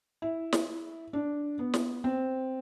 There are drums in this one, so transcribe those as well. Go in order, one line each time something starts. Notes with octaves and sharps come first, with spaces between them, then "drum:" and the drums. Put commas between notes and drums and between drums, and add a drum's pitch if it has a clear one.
E4
drum: snare
D4
B3
drum: snare
C4